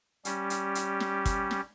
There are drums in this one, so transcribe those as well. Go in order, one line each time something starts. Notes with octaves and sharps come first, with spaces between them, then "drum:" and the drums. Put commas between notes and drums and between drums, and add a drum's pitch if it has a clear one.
G3 C#4 G4, drum: hi-hat
drum: hi-hat
drum: hi-hat
drum: snare
drum: kick, hi-hat
drum: snare